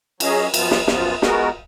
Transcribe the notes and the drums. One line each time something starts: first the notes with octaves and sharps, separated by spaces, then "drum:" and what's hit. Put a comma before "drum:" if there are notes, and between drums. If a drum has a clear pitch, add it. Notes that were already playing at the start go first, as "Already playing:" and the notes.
F#3 C#4 G#4 D#5, drum: cymbal
F#2 F3 B3 F4, drum: cymbal
drum: snare
F#2 F3 B3 F4, drum: snare
G#3 B3 F#4 A#4, drum: snare